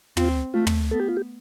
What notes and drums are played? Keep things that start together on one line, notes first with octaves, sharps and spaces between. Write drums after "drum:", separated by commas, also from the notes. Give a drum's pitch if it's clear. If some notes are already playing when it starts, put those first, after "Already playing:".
C4 F4, drum: tom
A3 F4
drum: tom
B3 A4
G4
F4
G4